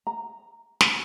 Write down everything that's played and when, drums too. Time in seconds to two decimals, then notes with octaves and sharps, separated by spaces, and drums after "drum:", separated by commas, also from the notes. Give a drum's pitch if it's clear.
0.07 A#5
0.81 drum: snare